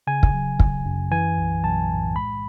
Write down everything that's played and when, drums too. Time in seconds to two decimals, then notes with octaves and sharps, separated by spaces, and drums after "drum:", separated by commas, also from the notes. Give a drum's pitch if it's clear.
0.07 C#3 G#5
0.23 drum: kick
0.34 F#3
0.60 G#1, drum: kick
0.85 F#2
1.11 E3 G#5
1.38 B1
1.64 B1 A5
1.90 A2
2.15 G#3 B5